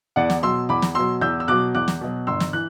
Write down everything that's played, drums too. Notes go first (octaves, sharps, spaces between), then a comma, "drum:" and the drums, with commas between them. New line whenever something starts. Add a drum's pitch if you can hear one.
E2 D5 F#5
drum: snare
B2 F#3 C6 E6
E2 B5 D6
drum: snare
B2 F#3 C6 E6
E2 E6 G6
E6
B2 F#3 D6 F#6
E2 D6 F#6
drum: snare
B2 F#3
G1 C6 E6
drum: snare
E3 F#6